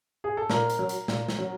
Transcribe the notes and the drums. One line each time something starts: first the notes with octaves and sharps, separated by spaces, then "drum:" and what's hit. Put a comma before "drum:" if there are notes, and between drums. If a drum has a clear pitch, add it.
G#4
A4
A#2 A#4, drum: snare
drum: hi-hat
F#3
drum: hi-hat
A#2, drum: snare
drum: snare
F#3